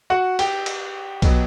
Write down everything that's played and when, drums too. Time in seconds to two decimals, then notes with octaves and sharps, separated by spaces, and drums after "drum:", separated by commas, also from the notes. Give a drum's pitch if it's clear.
0.10 F#4 F#5
0.39 G4 G5, drum: cymbal
0.66 drum: cymbal
1.22 B2 F#3 B3, drum: kick B1, cymbal